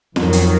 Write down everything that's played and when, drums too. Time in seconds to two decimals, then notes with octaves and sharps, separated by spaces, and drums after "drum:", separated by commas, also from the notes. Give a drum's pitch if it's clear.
0.16 F2 D#3 F#3, drum: snare
0.33 drum: hi-hat